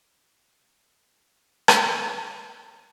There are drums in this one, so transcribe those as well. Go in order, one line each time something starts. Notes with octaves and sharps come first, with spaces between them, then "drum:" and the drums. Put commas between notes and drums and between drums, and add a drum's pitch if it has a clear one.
G#5
C6 D6 E6 G#6 A6 B6
G#6 C#7
drum: rim click
A#5 B5
B5